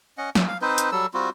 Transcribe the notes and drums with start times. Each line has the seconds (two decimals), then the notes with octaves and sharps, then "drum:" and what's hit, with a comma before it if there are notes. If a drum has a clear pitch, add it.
0.18 C#4 D#5 F#5
0.35 E5, drum: snare
0.48 F5
0.62 C4 D#4 B4 C5
0.78 drum: hi-hat
0.92 F#3 G3 A4 E6
1.14 G3 C4 F4 F#4